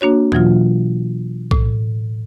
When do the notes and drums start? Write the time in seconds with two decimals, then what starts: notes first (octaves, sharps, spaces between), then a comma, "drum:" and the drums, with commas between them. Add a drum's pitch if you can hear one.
0.01 A#3 D4 F#4 C#5
0.32 B2 E3 F#3 F4, drum: tom E2
1.51 A2, drum: kick B1